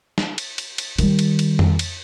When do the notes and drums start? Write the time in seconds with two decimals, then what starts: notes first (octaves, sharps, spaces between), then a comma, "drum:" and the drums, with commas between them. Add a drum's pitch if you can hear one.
0.18 drum: snare
0.38 drum: cymbal
0.58 drum: cymbal
0.78 drum: cymbal
0.98 D#3 G3, drum: cymbal
1.19 drum: cymbal
1.39 drum: cymbal
1.59 drum: tom F2
1.79 drum: cymbal